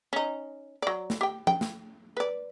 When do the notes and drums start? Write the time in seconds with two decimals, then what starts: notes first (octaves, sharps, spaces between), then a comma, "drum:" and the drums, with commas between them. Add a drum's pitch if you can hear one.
0.13 C#4 D#4
0.82 F#3 D5
1.10 drum: snare
1.21 G4 G5
1.47 G5, drum: tom F3
1.61 drum: snare
2.17 B4 D5